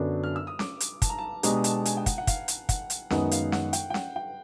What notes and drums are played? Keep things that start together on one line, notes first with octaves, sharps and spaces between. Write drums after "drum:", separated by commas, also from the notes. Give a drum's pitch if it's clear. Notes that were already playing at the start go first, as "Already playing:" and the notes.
Already playing: F#2 D3 F#3 B3 D4
F6
E6
D#6
D6, drum: snare C#4
drum: hi-hat
A5, drum: kick, hi-hat
A#5
A5
B2 G#3 B3 D4 G4 A#5, drum: hi-hat
A5, drum: hi-hat
G#5, drum: hi-hat
G5
F#5, drum: kick, hi-hat
F#5
F5, drum: kick, hi-hat
drum: hi-hat
F#5, drum: kick, hi-hat
drum: hi-hat
F#2 D#3 G#3 B3 D#4 F#5, drum: snare C#4
F5, drum: hi-hat
F#5, drum: snare C#4
G5, drum: hi-hat
G5
F#5, drum: snare C#4
G5